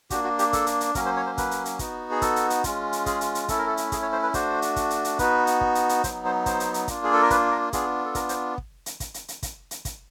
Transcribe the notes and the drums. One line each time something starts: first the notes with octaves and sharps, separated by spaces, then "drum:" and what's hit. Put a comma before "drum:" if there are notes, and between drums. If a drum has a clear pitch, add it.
A#3 D4 F#4 G4, drum: kick, hi-hat
F#4
G4, drum: hi-hat
A4, drum: kick, hi-hat
drum: hi-hat
drum: hi-hat
F#3 A#3 C#4 A#4, drum: kick, hi-hat
C5
C#5
C5
B4, drum: kick, hi-hat
drum: hi-hat
drum: hi-hat
B3 D#4 F#4, drum: kick, hi-hat
G#4
A4, drum: kick, hi-hat
drum: hi-hat
drum: hi-hat
G#3 C#4 F4, drum: kick, hi-hat
drum: hi-hat
G#4, drum: kick, hi-hat
drum: hi-hat
drum: hi-hat
A3 C#4 E4 A4, drum: kick, hi-hat
A#4
A4
drum: hi-hat
G#4, drum: kick, hi-hat
C#5
C5
B4
A3 D4 F#4 C5, drum: kick, hi-hat
drum: hi-hat
drum: kick, hi-hat
drum: hi-hat
drum: hi-hat
B3 D#4 F#4 B4, drum: kick, hi-hat
drum: hi-hat
drum: kick
drum: hi-hat
drum: hi-hat
F#3 B3 D#4 C5, drum: kick, hi-hat
C5
C5, drum: kick, hi-hat
drum: hi-hat
drum: hi-hat
A#3 D4 F4, drum: kick, hi-hat
G#4
A4
A#4
B4, drum: kick, hi-hat
A#4
B3 D4 F4 G#4, drum: kick, hi-hat
A4
A#4, drum: kick, hi-hat
C5, drum: hi-hat
drum: kick
drum: hi-hat
drum: kick, hi-hat
drum: hi-hat
drum: hi-hat
drum: kick, hi-hat
drum: hi-hat
drum: kick, hi-hat